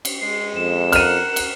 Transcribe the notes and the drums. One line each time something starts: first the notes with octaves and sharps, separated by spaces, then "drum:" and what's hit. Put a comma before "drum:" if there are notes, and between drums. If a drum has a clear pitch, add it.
drum: cymbal
G#3 C7
F2 E7
A#4 F#5 F6 D#7, drum: cymbal
drum: cymbal